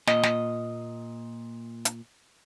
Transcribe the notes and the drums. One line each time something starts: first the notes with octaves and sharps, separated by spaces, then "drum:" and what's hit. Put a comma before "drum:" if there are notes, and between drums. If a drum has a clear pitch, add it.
A#2 D#5, drum: snare
drum: snare
drum: hi-hat